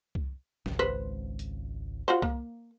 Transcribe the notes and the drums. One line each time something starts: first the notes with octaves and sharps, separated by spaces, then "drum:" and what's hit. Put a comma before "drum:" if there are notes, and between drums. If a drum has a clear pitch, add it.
drum: kick C2
G#1 C#2, drum: snare
B4 C5
drum: hi-hat
F4 F#4 C5
A#3, drum: kick C2